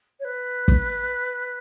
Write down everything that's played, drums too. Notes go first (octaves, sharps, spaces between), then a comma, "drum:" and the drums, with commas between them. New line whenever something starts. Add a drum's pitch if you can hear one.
C#5
B4
drum: kick